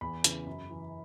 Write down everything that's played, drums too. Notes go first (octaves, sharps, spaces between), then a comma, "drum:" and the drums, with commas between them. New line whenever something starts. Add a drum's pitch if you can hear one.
E2 B5
C#3 E3, drum: hi-hat
F#2
E3